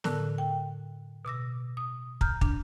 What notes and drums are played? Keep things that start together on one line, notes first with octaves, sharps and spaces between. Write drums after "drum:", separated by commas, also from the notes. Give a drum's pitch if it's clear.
A2 D3 A#4 A5 E6 F#6, drum: snare
G5
B2 D6 E6 A#6
D#6
A#5 F6 G6, drum: kick
D4, drum: kick